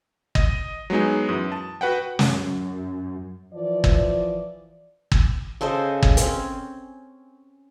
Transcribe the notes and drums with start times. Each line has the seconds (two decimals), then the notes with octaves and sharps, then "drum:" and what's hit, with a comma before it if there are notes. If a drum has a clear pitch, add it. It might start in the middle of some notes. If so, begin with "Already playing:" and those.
0.35 D#5, drum: kick G1
0.90 F#3 G#3 B3 D#4 G#4
1.29 F#2 E3 D#6
1.52 A5
1.81 F#4 B4 F#5 G5
2.19 F#2, drum: snare
3.53 E3 F3 D5
3.84 drum: kick G1
5.12 drum: kick G1
5.61 C#3 A4 C5 D#5
6.03 drum: kick G1
6.17 C4 C#4, drum: hi-hat